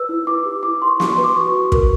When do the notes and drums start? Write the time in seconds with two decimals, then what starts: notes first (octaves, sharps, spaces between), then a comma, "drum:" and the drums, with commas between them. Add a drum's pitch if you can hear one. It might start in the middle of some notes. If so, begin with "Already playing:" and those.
Already playing: B4 E6
0.09 E4
0.27 E4 D6
0.46 G4
0.63 E4 D6
0.81 E4 C6
0.88 C#6
1.00 E4, drum: snare
1.12 C6
1.18 B4
1.24 D6
1.36 F#4 C#6
1.54 F#4
1.72 A#4, drum: kick